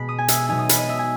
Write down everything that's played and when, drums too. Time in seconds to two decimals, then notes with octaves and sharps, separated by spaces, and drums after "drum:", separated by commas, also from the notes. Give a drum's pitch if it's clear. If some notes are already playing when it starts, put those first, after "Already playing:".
Already playing: B2 G#3 B5
0.09 D#6
0.18 G#5
0.28 E5, drum: hi-hat
0.49 B2 F#3 B3 D#4 G#5
0.59 D#6
0.69 B5, drum: hi-hat
0.79 D#5
0.89 E5
0.99 G#5